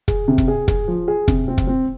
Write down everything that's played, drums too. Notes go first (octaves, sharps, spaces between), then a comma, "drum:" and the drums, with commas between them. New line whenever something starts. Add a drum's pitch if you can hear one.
G#4, drum: kick
C3
drum: kick
G#4
G#4, drum: kick
F3
G#4
C3, drum: kick
C4
drum: kick
C4